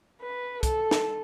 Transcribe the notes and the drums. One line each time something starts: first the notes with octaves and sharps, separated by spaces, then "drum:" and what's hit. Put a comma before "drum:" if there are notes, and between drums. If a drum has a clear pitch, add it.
B4
A4, drum: kick C2, hi-hat
drum: snare